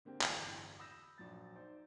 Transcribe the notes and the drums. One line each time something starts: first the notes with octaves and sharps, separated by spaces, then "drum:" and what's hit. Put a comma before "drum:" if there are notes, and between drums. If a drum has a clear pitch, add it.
D3 A#3 C4 G4
D1 G1 E2 A2, drum: clap
B5 D#6 E6 G6 A#6 E7
A#1 F#3 A6
D#4 C5 D5